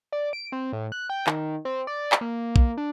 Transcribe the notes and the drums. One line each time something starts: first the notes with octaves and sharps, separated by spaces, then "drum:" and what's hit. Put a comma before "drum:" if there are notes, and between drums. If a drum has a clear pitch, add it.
D5
D7
C4
A2
F#6
G5
D#3, drum: clap
C4
D5
drum: clap
A#3
drum: kick
D4